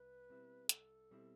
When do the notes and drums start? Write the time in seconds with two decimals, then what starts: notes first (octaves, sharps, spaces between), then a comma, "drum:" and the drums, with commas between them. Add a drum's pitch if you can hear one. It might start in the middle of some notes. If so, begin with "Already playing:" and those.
Already playing: C2 B4
0.29 B2 G3 C4 E4
0.69 C2 A4, drum: hi-hat
1.11 B2 G3 C4 E4